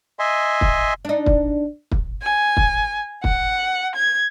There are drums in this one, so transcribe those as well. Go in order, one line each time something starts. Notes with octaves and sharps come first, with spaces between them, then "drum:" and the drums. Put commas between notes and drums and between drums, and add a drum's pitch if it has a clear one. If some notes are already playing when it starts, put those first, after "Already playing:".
D#5 E5 G#5 C6
drum: kick
D4 D#4
drum: kick
drum: kick
G#5
drum: kick
F#5, drum: kick
G#6